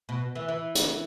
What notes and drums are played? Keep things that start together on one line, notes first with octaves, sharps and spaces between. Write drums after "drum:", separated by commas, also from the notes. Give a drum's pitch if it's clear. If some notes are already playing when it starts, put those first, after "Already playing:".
B2
E3
E3
drum: hi-hat